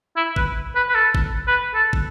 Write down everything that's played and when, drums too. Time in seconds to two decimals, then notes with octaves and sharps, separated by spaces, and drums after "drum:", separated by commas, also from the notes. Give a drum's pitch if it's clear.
0.16 E4
0.36 B4, drum: kick
0.75 B4
0.89 B4
0.95 A4
1.15 drum: kick
1.47 B4
1.74 A4
1.93 drum: kick